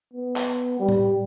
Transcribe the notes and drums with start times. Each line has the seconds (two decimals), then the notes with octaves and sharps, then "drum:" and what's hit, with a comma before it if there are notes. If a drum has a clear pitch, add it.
0.13 B3
0.36 drum: clap
0.79 G3
0.89 drum: tom A2